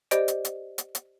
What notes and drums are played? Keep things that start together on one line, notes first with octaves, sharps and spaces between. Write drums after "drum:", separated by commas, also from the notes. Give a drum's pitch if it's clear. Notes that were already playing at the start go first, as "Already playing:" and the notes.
G4 C5 D5 D#5 D7, drum: hi-hat
drum: hi-hat
drum: hi-hat
drum: hi-hat
drum: hi-hat